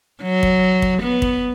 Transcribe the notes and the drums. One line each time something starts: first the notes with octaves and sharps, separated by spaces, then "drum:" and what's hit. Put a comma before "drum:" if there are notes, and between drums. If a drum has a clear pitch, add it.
F#3
drum: kick
drum: kick
B3
drum: kick